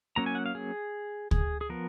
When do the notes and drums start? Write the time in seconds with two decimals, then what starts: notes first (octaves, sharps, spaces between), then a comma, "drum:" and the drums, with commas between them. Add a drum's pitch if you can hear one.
0.16 F#3 A#3 C#4 A#5
0.26 G#5
0.35 F#5
0.46 F5
0.55 G#4
1.31 G#4, drum: kick
1.61 G#4
1.69 F3 B3 A#4